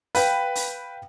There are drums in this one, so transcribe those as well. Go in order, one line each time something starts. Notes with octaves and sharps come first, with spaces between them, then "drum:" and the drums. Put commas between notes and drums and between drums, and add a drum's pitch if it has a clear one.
B4 F5 G5, drum: open hi-hat
drum: open hi-hat